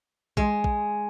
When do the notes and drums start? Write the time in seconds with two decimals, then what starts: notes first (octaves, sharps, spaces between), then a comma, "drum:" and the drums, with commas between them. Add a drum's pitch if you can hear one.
0.37 G#3, drum: kick
0.64 drum: kick